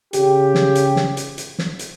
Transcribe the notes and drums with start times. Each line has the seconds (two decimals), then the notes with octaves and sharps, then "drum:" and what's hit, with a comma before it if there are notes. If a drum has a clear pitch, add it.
0.13 C#3 G4, drum: hi-hat
0.55 drum: snare
0.75 drum: hi-hat
0.96 drum: snare
1.17 drum: hi-hat
1.38 drum: hi-hat
1.59 drum: snare
1.79 drum: hi-hat